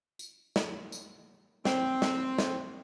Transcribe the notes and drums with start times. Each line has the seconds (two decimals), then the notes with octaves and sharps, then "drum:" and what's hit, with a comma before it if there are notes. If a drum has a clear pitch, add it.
0.19 drum: tambourine
0.56 drum: snare
0.92 drum: tambourine
1.65 C4, drum: snare
2.02 drum: snare
2.38 drum: snare